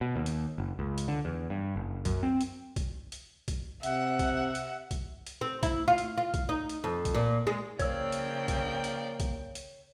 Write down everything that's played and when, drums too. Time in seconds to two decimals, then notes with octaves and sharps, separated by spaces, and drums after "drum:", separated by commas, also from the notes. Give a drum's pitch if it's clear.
0.01 B2
0.16 D#2
0.26 drum: hi-hat
0.58 F#1
0.79 C#2
0.98 drum: hi-hat
1.08 D3
1.25 E2
1.50 G2
1.76 F#1
2.05 F#2, drum: kick B1, hi-hat
2.23 C4
2.41 drum: hi-hat
2.76 drum: kick B1, hi-hat
3.12 drum: hi-hat
3.48 drum: kick B1, hi-hat
3.83 C3 E5 F#5, drum: hi-hat
4.19 drum: kick B1, hi-hat
4.55 drum: hi-hat
4.91 drum: kick B1, hi-hat
5.27 drum: hi-hat
5.41 C4
5.63 E4, drum: kick B1, hi-hat
5.88 F4
5.98 drum: hi-hat
6.18 F4
6.34 drum: kick B1, hi-hat
6.49 D#4
6.69 drum: hi-hat
6.84 F2
7.05 drum: kick B1, hi-hat
7.14 A#2
7.47 G#3
7.79 C#3 F3 A#3 C#5 D5 G5 E6, drum: kick B1, hi-hat
8.12 drum: hi-hat
8.48 drum: kick B1, hi-hat
8.84 drum: hi-hat
9.20 drum: kick B1, hi-hat
9.55 drum: hi-hat